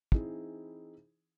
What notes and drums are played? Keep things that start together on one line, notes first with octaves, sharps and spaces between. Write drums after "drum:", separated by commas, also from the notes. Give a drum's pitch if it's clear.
E3 C4 D#4 E4 G#4, drum: kick